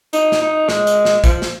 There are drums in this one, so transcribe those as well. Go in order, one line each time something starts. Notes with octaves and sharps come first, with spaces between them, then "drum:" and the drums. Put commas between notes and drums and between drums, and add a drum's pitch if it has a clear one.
D#4, drum: hi-hat
drum: snare
D#4
G#3, drum: snare
drum: hi-hat
drum: snare
F3, drum: kick, hi-hat
drum: snare